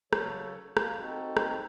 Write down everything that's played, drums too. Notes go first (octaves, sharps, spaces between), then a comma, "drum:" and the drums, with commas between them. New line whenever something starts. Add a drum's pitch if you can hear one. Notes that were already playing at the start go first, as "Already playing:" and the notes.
C#3 F#3 A4 C#5, drum: rim click
A#3, drum: rim click
C4 D#4 F#4 A4
drum: rim click